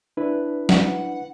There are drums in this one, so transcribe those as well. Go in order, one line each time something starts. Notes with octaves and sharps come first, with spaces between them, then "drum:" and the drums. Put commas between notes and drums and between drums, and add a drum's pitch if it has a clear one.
D4 E4 B4
F#5, drum: snare